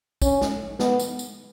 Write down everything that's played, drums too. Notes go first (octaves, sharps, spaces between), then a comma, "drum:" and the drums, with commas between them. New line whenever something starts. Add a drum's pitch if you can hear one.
C#4, drum: kick, tambourine
drum: snare
B3, drum: snare
drum: tambourine
drum: tambourine